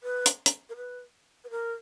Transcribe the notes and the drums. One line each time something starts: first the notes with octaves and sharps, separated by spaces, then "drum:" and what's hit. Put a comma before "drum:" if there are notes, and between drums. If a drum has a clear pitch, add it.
B4
drum: hi-hat
drum: hi-hat
A#4
B4
B4
A#4